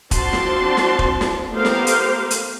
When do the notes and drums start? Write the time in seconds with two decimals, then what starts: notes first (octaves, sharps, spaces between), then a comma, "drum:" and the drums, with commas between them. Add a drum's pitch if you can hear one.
0.11 F3 C4 D4 F#4 A5 C6, drum: kick, hi-hat
0.33 drum: snare
0.77 drum: snare
0.99 drum: kick
1.21 drum: snare
1.49 A3 B3 G4 A#4 C5 F5
1.65 drum: snare
1.87 drum: hi-hat
2.31 drum: hi-hat